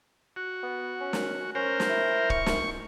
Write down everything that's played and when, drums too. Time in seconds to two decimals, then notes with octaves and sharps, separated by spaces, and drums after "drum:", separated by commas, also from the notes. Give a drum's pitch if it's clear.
0.36 F#4
0.63 B3
1.01 C#4
1.13 drum: snare
1.55 C#4 A#4 C5
1.80 drum: snare
1.89 E4
2.30 C#6, drum: kick
2.46 drum: snare